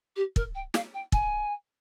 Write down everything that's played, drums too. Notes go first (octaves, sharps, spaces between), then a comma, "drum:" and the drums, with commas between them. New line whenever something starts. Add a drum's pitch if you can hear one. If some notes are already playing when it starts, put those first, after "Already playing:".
G4
A#4, drum: kick
G5
F5, drum: snare
G5
G#5, drum: kick